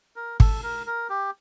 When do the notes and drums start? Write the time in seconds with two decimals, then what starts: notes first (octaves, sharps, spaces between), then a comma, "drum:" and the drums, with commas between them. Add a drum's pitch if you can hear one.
0.16 A#4
0.40 A4, drum: kick G#1
0.63 A#4
0.86 A#4
1.09 G4